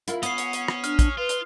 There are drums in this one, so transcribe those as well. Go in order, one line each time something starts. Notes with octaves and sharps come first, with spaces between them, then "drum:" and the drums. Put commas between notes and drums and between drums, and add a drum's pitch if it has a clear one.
E4 F4 A#4, drum: hi-hat
B3 C#4 F#5 D#6 C7, drum: hi-hat
drum: hi-hat
drum: hi-hat
drum: rim click
D4 F6, drum: hi-hat
drum: kick, hi-hat
F4 B4
drum: hi-hat